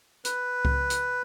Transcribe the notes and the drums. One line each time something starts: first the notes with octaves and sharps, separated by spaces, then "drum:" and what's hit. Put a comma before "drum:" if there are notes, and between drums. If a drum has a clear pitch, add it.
B4, drum: hi-hat
drum: kick C#2
drum: hi-hat